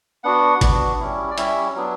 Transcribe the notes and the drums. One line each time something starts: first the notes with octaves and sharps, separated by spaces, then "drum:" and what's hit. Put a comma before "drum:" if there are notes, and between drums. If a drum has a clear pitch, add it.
B3 D4 F#4 F#5
B3 D4 F#4, drum: kick G#1, hi-hat
G3 C#4 E4
D5
G3 C#4 E4 E5, drum: hi-hat
F#3 B3 D4